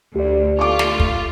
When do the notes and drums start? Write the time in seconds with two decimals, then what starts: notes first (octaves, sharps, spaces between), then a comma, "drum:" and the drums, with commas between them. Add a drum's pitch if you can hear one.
0.16 D2 G4 D5
0.59 A3 F4 C#6 D6
0.79 drum: snare
1.00 drum: kick